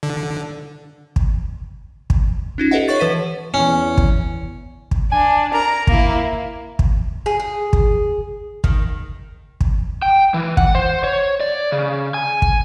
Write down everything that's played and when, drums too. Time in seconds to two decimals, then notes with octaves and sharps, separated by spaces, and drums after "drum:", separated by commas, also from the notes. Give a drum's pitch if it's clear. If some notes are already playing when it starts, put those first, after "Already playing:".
0.03 D3
1.16 drum: kick
2.10 drum: kick
2.58 C#4 D#4 F4
2.71 G4 A4 B4 D#5 E5 F#5
2.88 C#5 F#5 C#6 A6
2.99 E3 B4 B6 D#7
3.54 E2 C#4
3.98 drum: kick
4.91 drum: kick
5.12 D4 G#5
5.54 A#4 A#5
5.87 A#3 E4, drum: kick
6.79 drum: kick
7.26 G#4
7.40 G#4
7.73 drum: kick
8.64 D#3, drum: kick
9.61 drum: kick
10.02 G5
10.34 E3
10.57 F#5, drum: kick
10.75 C5
11.04 C#5
11.40 D5
11.72 C#3
12.14 G#5
12.42 drum: kick